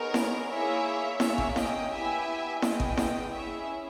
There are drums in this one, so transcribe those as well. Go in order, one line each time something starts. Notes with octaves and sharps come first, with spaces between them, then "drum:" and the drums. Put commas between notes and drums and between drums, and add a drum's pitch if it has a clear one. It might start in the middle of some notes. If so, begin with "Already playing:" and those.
Already playing: B3 D#4 G#4 A#4 C#5
drum: snare E4
A#3 E4 G#4 C#5 E5
A#3 C#4 G#4 C#5 E5, drum: snare E4
drum: kick
D#5 G5, drum: snare E4
B3 E4 G4 E5 G#5
B3 E4 G#4 D#5 G5, drum: snare E4
drum: kick
drum: snare E4
C#4 E4 G#4 C#5 E5